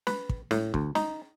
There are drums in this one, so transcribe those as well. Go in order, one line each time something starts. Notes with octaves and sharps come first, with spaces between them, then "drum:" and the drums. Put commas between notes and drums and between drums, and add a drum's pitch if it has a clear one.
B4, drum: snare
drum: kick
A2, drum: snare
D2, drum: kick
D#4, drum: snare